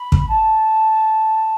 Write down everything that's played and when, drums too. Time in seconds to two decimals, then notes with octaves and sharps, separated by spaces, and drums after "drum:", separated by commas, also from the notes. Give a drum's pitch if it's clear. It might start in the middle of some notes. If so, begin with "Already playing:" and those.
Already playing: B5
0.12 drum: kick
0.29 A5